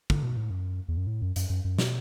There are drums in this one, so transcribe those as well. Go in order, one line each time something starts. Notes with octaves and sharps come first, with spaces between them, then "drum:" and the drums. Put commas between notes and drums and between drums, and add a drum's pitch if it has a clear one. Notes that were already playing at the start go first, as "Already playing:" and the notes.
D3, drum: kick
B2
A2
F#2
E2
F#2
A2
F#2
F#2, drum: hi-hat
F#2
F#2
B2, drum: snare